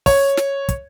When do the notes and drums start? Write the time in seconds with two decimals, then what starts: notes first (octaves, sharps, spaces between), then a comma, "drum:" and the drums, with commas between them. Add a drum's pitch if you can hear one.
0.06 C#5, drum: kick, open hi-hat
0.37 drum: snare
0.69 drum: kick, hi-hat